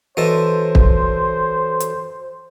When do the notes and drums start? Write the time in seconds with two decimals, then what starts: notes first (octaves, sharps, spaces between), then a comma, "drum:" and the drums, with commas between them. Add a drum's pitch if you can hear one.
0.17 E3 D#4 F#4 A4 C5 C#5 A5
0.75 drum: kick
1.80 drum: hi-hat